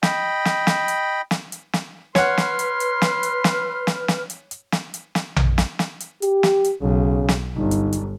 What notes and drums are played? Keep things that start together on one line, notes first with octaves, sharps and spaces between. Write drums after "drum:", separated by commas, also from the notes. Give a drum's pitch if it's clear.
D#5 G5 B5, drum: snare
drum: snare
drum: snare
drum: hi-hat
drum: snare
drum: hi-hat
drum: snare
B4 C#5 F#5 C6 F6, drum: snare
drum: snare
drum: hi-hat
drum: hi-hat
drum: snare
drum: hi-hat
drum: snare
drum: snare
drum: snare
drum: hi-hat
drum: hi-hat
drum: snare
drum: hi-hat
drum: snare
drum: tom A#1
drum: snare
drum: snare
drum: hi-hat
G4, drum: hi-hat
drum: snare
drum: hi-hat
B1 C#3
drum: snare
G1 D#4
drum: hi-hat
drum: hi-hat